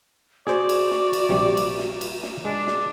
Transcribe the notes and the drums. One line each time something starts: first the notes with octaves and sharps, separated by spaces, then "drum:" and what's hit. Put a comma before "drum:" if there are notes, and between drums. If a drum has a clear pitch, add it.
F#4 G#4 C5 D5, drum: snare
drum: cymbal
drum: snare
drum: cymbal
A#1 C3 G3
drum: cymbal
drum: snare
drum: cymbal
drum: snare
G#3 D4
drum: snare